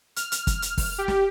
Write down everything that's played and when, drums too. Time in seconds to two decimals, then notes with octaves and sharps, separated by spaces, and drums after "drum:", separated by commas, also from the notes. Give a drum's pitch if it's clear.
0.16 F6, drum: hi-hat
0.32 drum: hi-hat
0.47 drum: kick, hi-hat
0.62 drum: hi-hat
0.77 drum: kick, open hi-hat
0.98 G4
1.08 drum: snare